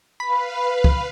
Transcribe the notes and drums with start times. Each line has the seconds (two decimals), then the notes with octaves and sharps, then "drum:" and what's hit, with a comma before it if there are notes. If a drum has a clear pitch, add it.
0.20 B4 F5 B5
0.84 drum: kick